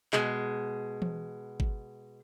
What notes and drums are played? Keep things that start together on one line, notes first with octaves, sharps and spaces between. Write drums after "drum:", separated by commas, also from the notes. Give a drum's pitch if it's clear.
B2 G#3, drum: clap
drum: tom E3
drum: kick G1